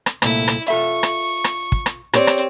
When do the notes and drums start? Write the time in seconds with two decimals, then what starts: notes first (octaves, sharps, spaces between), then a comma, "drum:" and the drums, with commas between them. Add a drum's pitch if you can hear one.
0.06 drum: rim click
0.22 C2 A#2 A3 E4, drum: rim click
0.48 drum: rim click
0.68 F4 A4 E5 C#6
1.03 drum: rim click
1.44 drum: rim click
1.72 drum: kick
1.86 drum: rim click
2.13 C4 G4 C#5 D5, drum: rim click
2.27 drum: rim click